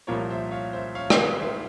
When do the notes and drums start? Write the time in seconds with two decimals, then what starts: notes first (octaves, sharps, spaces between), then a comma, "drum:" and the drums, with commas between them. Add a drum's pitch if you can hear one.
0.07 C2 A#2 F3 A#4 C#5
0.30 C5 E5
0.51 C#5 F5
0.73 C5 E5
0.95 C#5 F5
1.10 drum: rim click
1.39 C5 E5